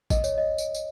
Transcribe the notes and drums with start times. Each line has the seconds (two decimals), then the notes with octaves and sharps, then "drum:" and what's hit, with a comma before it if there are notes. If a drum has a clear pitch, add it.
0.10 D#5, drum: kick, tambourine
0.24 C#5, drum: tambourine
0.38 D#5
0.58 drum: tambourine
0.74 drum: tambourine